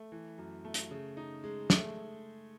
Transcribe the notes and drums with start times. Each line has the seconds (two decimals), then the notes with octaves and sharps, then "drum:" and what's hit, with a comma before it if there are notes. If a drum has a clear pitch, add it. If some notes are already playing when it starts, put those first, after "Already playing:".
Already playing: A3
0.12 E3
0.38 F#2
0.64 A3
0.74 drum: hi-hat
0.91 C#3
1.17 D#4
1.44 G#3
1.70 A3, drum: snare